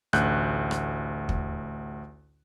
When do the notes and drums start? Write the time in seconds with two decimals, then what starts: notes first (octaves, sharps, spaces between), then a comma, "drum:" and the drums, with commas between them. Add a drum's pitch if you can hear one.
0.13 A1 D2 F#6 G6, drum: rim click
0.71 drum: rim click
1.29 drum: kick